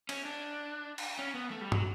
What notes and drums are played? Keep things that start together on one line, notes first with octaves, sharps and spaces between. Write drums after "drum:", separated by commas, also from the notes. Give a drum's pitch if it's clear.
C#4, drum: cymbal
D4
drum: cymbal
C#4
B3
A3
G3
F#3, drum: tom